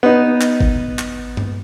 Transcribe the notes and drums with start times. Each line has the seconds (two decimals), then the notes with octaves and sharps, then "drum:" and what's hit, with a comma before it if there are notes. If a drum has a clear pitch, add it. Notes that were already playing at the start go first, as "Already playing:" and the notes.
0.03 B3 D#4
0.41 drum: clap
0.61 drum: kick G#1
0.99 drum: clap
1.37 drum: tom G2